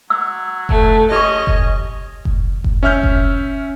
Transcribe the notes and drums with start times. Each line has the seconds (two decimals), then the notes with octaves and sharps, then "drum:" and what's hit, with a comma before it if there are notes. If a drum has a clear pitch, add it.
0.10 F#3 E6
0.69 A3, drum: kick F1
1.12 C#4 G4 D#5 C#6
1.47 drum: kick F1
2.25 drum: kick F1
2.64 drum: kick F1
2.83 C#4 E5 F6 G6
3.03 drum: kick F1